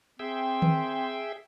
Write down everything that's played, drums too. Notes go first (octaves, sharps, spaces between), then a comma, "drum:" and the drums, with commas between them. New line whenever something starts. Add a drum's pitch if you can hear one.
C4 G#4 E5 G5
drum: tom D#3